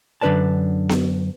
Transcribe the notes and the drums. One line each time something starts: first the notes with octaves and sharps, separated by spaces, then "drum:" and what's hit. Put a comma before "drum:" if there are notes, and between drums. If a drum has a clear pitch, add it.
F#2 D3 D4 B4 D5 A5
drum: snare B3